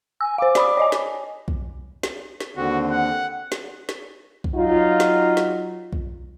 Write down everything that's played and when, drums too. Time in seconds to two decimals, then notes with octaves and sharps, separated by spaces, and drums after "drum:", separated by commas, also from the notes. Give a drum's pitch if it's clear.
0.21 G#5 E6
0.38 C5 F5 D6
0.55 D5 B5 D#6, drum: snare
0.77 C#5 D#5 G#5
0.92 drum: snare
1.48 drum: kick B1
2.03 drum: snare
2.40 drum: snare
2.57 D#2 D3 C4 F#4
2.91 F#5
3.52 drum: snare
3.89 drum: snare
4.44 drum: kick B1
4.54 F#3 D#4 F4
5.00 drum: snare
5.37 drum: snare
5.93 drum: kick B1